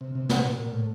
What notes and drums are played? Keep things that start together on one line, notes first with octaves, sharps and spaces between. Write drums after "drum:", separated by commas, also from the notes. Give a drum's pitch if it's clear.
C3
C3
C3, drum: snare
A#2
A#2
A2